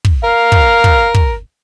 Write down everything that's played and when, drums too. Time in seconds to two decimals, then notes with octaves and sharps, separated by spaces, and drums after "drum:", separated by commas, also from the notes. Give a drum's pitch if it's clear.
0.05 drum: kick
0.24 A#4 F5
0.52 drum: kick
0.84 drum: kick
1.14 drum: kick